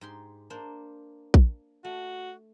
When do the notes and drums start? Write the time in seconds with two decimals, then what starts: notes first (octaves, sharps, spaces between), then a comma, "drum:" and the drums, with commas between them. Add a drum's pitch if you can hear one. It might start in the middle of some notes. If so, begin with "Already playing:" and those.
0.01 G#2 G4 C6
0.50 A#3 D4 C5
1.34 drum: kick A#1
1.85 A3 F#4